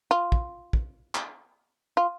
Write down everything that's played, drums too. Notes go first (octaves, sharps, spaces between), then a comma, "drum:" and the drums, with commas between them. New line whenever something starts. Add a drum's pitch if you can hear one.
F4
drum: kick
drum: kick
drum: clap
F4